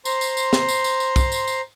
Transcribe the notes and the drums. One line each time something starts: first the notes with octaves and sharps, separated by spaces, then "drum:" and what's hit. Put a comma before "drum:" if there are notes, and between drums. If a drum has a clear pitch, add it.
C5 A#5 C6, drum: tambourine
drum: tambourine
drum: tambourine
drum: snare
drum: tambourine
drum: tambourine
drum: tambourine
drum: kick, tambourine
drum: tambourine
drum: tambourine